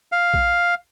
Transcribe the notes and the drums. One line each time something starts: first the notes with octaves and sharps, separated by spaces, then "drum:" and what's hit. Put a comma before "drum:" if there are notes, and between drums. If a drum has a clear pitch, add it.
F5
drum: kick A#1